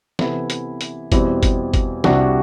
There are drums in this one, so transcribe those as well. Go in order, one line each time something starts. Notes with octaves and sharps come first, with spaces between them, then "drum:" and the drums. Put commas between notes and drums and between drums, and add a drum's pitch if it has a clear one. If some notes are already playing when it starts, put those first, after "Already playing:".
C3 E3 B3 E4 A4, drum: snare
drum: hi-hat
drum: hi-hat
E2 B2 G3 C4 E4, drum: kick, hi-hat
drum: kick, hi-hat
drum: kick, hi-hat
C2 C3 G3 D4 F#4, drum: snare